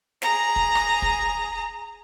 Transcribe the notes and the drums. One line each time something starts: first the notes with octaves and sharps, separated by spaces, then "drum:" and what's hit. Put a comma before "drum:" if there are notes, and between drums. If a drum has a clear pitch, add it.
G#4 A#5, drum: snare
drum: kick
drum: rim click
drum: kick